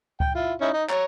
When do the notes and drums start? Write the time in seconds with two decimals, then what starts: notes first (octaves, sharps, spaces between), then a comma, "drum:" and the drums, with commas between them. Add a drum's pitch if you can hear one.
0.20 G5, drum: kick C#2
0.35 E4 F4
0.61 C#4 D#4 E4
0.73 D#4
0.89 C#5 A#5, drum: clap